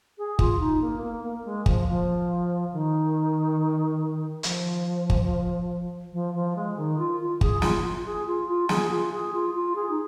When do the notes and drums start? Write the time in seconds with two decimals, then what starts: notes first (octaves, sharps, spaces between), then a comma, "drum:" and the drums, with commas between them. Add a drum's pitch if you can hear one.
0.18 G#4
0.39 F4, drum: kick G1
0.60 D#4
0.81 A#3
1.02 A#3
1.24 A#3
1.45 G#3
1.66 F3, drum: kick G1
1.88 F3
2.73 D#3
4.43 F3, drum: hi-hat
5.10 drum: kick G1
6.13 F3
6.34 F3
6.56 G#3
6.77 D#3
6.98 F4
7.20 F4
7.41 G#4, drum: kick G1
7.62 F4, drum: snare
7.83 F4
8.05 G#4
8.26 F4
8.48 F4
8.69 G#4, drum: snare
8.90 F4
9.11 G#4
9.33 F4
9.54 F4
9.75 G#4
9.89 D#4